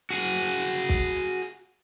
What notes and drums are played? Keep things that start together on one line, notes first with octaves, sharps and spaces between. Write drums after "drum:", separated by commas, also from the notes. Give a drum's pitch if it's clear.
F#4 G#4, drum: hi-hat
drum: hi-hat
drum: hi-hat
drum: kick
drum: hi-hat
drum: hi-hat